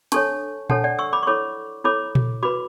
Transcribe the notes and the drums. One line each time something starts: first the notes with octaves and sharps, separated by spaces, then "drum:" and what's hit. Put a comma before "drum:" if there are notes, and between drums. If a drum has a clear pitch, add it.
D4 A4 C#5 A5 C#6, drum: hi-hat
D4 A4 C#5 F#5 A5, drum: tom A#2
D5 F#5
C#6 E6
B5 D6
C#6
E4 A4 C#5 B5 D6
E4 A4 C#5 B5 D6
drum: tom A#2
F#4 B4 B5 D6